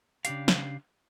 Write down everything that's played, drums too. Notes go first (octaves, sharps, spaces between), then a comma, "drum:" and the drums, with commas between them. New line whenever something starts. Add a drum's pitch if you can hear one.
C#3 D4 G4 F5, drum: hi-hat
drum: snare